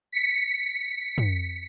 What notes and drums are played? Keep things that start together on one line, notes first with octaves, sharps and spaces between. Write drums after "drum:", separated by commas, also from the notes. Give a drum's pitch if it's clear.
B6 C#7
drum: tom